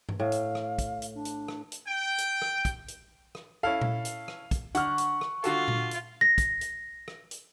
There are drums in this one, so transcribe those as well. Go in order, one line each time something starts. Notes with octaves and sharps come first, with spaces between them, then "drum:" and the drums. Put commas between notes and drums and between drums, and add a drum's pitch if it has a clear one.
drum: tom G2
A2 F5
drum: hi-hat
drum: rim click
drum: kick, hi-hat
drum: hi-hat
D4
drum: hi-hat
drum: rim click
drum: hi-hat
G5
drum: hi-hat
drum: rim click
drum: kick, hi-hat
drum: hi-hat
drum: rim click
C#4 E4 A4 F5
drum: tom A#2
drum: hi-hat
drum: rim click
drum: kick, hi-hat
D3 F#5 C#6 F6, drum: hi-hat
drum: hi-hat
drum: rim click
D3 F4 F#4 A4, drum: hi-hat
drum: tom A#2
drum: hi-hat
A#6
drum: kick, hi-hat
drum: hi-hat
drum: rim click
drum: hi-hat